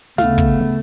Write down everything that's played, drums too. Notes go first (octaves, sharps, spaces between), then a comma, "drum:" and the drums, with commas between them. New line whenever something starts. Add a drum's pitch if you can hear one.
D2 C#3 A3 B3 F5, drum: snare
drum: kick